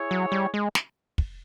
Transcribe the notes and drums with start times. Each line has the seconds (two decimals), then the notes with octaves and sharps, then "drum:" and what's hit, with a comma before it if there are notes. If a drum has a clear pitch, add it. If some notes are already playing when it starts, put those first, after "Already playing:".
Already playing: E4 G#4 C#5
0.11 F#3
0.32 G3
0.54 G#3
0.75 drum: snare
1.18 drum: kick